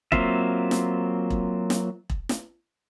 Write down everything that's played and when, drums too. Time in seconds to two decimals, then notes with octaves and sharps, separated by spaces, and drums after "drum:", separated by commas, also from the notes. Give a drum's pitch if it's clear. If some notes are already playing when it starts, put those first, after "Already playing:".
0.12 F#3 A#3 C4 F4 E5, drum: kick E1
0.71 drum: snare
1.30 drum: kick E1
1.70 drum: snare
2.10 drum: kick E1
2.29 drum: snare